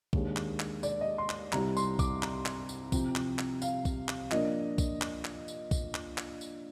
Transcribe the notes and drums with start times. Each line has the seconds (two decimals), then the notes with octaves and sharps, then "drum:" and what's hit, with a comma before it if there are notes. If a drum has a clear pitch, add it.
0.13 D#2 D#3 G#3 D4, drum: kick
0.36 drum: clap
0.60 drum: clap
0.83 D5, drum: tambourine
1.01 D#5
1.18 C6
1.29 drum: clap
1.52 C2 C3 G3 A#5, drum: clap
1.77 C6, drum: tambourine
1.99 D6, drum: kick, tambourine
2.23 A#5, drum: clap
2.46 drum: clap
2.69 drum: tambourine
2.92 C3 F3 C4, drum: kick, tambourine
3.15 drum: clap
3.39 drum: clap
3.62 F5, drum: tambourine
3.85 drum: kick, tambourine
4.08 drum: clap
4.31 A#2 F3 A#3 D4 D#5, drum: clap
4.78 drum: kick, tambourine
5.01 drum: clap
5.25 drum: clap
5.48 drum: tambourine
5.71 drum: kick, tambourine
5.94 drum: clap
6.18 drum: clap
6.41 drum: tambourine